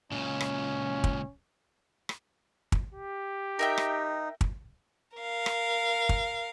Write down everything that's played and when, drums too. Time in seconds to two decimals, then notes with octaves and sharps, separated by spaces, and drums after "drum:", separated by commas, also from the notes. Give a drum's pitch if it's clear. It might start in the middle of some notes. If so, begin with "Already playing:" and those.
0.12 C#2 A#2 C#4
0.40 drum: rim click
1.04 drum: kick
2.09 drum: rim click
2.72 drum: kick
2.93 G4
3.59 D#4 A#4 E5 G5
3.78 drum: rim click
4.41 drum: kick
5.17 A#4 F5
5.46 drum: rim click
6.09 drum: kick